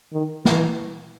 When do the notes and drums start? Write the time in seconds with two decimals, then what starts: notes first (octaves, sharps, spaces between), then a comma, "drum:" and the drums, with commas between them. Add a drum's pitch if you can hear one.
0.13 D#3
0.45 E3, drum: snare